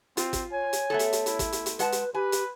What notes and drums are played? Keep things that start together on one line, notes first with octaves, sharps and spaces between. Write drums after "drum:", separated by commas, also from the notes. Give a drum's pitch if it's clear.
C4 F4, drum: hi-hat
drum: kick, hi-hat
C#5 G#5
drum: hi-hat
A3 B3 A4
drum: hi-hat
drum: hi-hat
E4, drum: hi-hat
drum: kick, hi-hat
drum: hi-hat
drum: hi-hat
G#3 B4 F#5 A5, drum: hi-hat
drum: hi-hat
G4 B4 G#5
drum: hi-hat